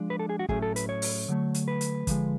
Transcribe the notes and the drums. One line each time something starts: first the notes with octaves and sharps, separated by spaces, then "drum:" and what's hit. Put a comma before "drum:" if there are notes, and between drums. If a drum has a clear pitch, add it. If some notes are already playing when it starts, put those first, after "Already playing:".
Already playing: F3 G#3 D4
B4
A4
G#4
F#4
A2 F#3 A3 C#4 G#4, drum: kick
A4
B4, drum: hi-hat
C#5
drum: open hi-hat
D3 F#3 A3
drum: hi-hat
B4
drum: hi-hat
D3 F3 G#3, drum: kick, hi-hat